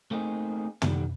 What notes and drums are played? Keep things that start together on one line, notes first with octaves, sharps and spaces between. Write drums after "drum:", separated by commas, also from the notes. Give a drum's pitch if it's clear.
A3 A#3 C4 D#4 G#4
D3 D#3 G3 B3, drum: tom